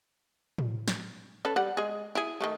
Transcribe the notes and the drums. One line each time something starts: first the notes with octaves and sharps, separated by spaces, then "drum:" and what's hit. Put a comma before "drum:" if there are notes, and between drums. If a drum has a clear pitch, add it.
drum: tom A2
drum: snare
C#4 A4 B4
G3 F#5
G#3 G#4
E4 G#4
D#3 G#3 A3